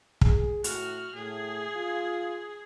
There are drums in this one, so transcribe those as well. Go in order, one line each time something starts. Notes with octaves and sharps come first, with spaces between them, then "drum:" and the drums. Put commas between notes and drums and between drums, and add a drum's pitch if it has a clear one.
G#4, drum: kick
A2 F#4 F6, drum: hi-hat
A2 G#4
F4